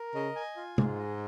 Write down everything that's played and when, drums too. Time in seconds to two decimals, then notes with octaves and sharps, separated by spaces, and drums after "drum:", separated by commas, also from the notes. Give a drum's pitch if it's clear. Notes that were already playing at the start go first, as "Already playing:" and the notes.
Already playing: A#4
0.14 C#3 D#5
0.36 G#5
0.57 F4
0.78 G#2 G#4, drum: tom
0.99 D#5